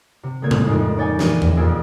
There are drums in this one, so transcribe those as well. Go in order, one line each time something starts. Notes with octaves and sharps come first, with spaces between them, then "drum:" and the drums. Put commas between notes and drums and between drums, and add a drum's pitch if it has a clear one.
C3
G1 C#3 A#3 G#6
drum: tom A2
F2 A2 G#3 A#3 D#4
C#4 C#5 D5 G5 G#5
A#2 E3 D#7, drum: snare
drum: tom E2
F2 A#2 G#4 E6 D7